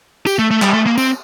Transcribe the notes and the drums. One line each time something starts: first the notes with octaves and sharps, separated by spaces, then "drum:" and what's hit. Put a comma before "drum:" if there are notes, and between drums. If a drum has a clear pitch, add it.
G4, drum: tambourine
A3
A3
G3, drum: clap
A3
A#3
C4, drum: tambourine